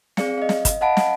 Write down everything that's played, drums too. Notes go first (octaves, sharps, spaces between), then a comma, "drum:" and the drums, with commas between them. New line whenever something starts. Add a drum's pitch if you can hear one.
C4 G#4 D5 F5 C#7, drum: snare
D#5 F5
drum: snare
drum: kick, hi-hat
D#5 F5 F#5 A5 B5 D7
drum: snare